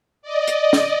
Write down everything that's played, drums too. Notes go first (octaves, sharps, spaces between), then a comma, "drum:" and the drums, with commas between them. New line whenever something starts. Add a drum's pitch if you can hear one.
D5 D#5
drum: hi-hat
drum: snare